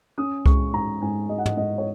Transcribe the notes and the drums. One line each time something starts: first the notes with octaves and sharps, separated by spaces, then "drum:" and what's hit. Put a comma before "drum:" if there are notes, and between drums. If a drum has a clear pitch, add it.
C#4 D#6
G#3 C#6, drum: kick C2
G#2 A#5
G#2 G#5
G#3 D#5
F#5
D#5, drum: tom
G#2 D#5
C#5